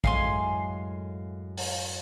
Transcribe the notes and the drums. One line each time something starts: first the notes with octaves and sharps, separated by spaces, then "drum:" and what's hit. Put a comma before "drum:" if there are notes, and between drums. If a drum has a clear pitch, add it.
F#2 A2 G#3 F5 G#5 C6, drum: kick
drum: open hi-hat